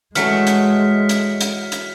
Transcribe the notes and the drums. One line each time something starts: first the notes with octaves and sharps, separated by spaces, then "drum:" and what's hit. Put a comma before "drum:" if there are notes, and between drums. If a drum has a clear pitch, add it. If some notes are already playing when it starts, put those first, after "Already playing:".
E3 F#3 G#3 A3 F6 B6 C#7, drum: hi-hat
drum: hi-hat
drum: hi-hat
drum: hi-hat
drum: hi-hat